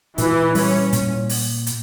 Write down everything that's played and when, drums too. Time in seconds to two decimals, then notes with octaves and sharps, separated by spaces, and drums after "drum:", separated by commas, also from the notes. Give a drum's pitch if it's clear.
0.18 A#2 E3 E4, drum: hi-hat
0.55 G3 C#4, drum: open hi-hat
0.93 A#2, drum: hi-hat
1.29 drum: open hi-hat
1.67 drum: hi-hat